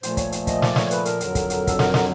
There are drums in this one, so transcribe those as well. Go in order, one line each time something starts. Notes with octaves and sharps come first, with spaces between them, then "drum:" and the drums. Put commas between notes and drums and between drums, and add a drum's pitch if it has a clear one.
A#2 F3 A3 C5, drum: hi-hat
C#5, drum: kick, hi-hat
drum: hi-hat
D#5, drum: kick, hi-hat
D5, drum: snare
C#5, drum: snare
B4, drum: hi-hat
A#4, drum: hi-hat
F2 D3 F#3, drum: hi-hat
drum: kick, hi-hat
drum: hi-hat
A4, drum: kick, hi-hat
A#4, drum: snare
drum: snare